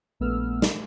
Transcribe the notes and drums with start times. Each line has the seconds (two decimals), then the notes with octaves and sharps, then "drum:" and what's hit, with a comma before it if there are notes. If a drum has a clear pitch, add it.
0.20 A#1 A3 B3 E6 F6
0.62 drum: snare